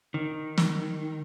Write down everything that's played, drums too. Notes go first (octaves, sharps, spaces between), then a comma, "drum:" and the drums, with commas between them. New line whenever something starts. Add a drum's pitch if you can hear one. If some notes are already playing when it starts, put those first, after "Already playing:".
D#3
drum: snare